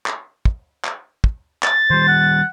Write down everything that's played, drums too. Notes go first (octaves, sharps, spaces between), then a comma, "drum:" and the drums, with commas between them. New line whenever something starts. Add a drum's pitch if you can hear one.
drum: clap
drum: kick
drum: clap
drum: kick
A6, drum: clap
D#3 G3 C5
F#5